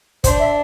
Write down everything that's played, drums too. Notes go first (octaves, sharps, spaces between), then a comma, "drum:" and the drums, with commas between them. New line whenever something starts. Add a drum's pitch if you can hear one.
D4 C5, drum: kick, hi-hat
E5